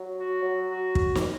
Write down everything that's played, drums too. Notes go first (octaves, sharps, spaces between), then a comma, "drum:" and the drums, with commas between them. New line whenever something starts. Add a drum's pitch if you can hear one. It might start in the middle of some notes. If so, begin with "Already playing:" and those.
Already playing: F#3
F#4
F#3
F#4
drum: kick
drum: snare